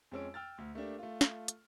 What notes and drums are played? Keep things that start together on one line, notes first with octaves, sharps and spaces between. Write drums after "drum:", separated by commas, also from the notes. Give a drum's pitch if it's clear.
F2 G#3 C#4 E6 D7
G5 E6 F6 A6
D2
A3 A#3 D4 G4
A3 F4
drum: snare
drum: hi-hat